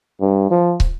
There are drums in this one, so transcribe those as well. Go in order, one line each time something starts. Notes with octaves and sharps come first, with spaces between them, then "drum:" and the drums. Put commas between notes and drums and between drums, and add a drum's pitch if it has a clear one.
G2
F3
drum: kick